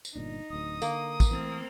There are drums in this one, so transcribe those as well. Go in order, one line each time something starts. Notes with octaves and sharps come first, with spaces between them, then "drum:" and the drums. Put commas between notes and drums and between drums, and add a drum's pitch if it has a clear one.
drum: tambourine
G1 A#2 D4 D#4
D1 D2 D#6
D3 A#3, drum: tambourine
drum: kick, tambourine
E3 A3 C4